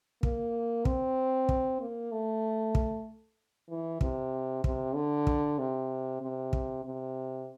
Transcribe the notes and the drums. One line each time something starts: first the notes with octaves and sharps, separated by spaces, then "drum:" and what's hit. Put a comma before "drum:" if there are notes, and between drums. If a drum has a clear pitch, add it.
A#3, drum: kick
C4, drum: kick
drum: kick
A#3
A3
drum: kick
E3
C3, drum: kick
C3, drum: kick
D3
drum: kick
C3
C3
drum: kick
C3